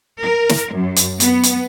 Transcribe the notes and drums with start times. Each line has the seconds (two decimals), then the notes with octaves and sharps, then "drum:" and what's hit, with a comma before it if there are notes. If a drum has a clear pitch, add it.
0.23 A#4
0.49 drum: snare
0.74 F#2
0.96 drum: hi-hat
1.20 B3, drum: hi-hat
1.43 drum: hi-hat